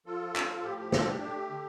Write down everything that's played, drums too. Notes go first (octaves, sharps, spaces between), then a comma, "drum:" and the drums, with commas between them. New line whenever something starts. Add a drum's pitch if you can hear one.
F3 F4 A4
F3, drum: clap
A2 G4
G4
D4 F4 A4, drum: snare
G4
A3 G4
D3